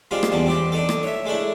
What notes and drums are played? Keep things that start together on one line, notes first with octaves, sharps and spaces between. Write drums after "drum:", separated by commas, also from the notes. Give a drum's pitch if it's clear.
G3 G#3 C4 D4 F4
drum: rim click
E2 G3 A5
C4 D4 G4
D4 D#4 A4
drum: rim click
C#5 E5
G#3 A3 D4 E4